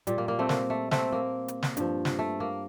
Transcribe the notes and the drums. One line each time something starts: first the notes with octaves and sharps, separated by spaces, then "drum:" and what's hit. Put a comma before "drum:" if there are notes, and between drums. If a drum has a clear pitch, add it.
A#2 G3, drum: hi-hat
A#3
A#3
A3 C4
A#3, drum: snare
A3
A3 C4, drum: snare
A#3
drum: hi-hat
drum: snare
G2 F3, drum: hi-hat
drum: snare
A3
A#3